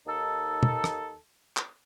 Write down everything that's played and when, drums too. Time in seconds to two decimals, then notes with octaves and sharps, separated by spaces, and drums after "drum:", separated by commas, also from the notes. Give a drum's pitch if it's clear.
0.07 D#2 D#4 A4
0.63 drum: tom
0.84 drum: rim click
1.57 drum: clap